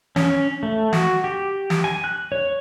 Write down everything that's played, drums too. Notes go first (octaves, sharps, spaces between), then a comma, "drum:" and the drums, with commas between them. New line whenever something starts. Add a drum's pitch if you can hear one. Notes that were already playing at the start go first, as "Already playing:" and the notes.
C#4, drum: snare
A3
F#4, drum: snare
G4
drum: snare
G#5
F#6
C#5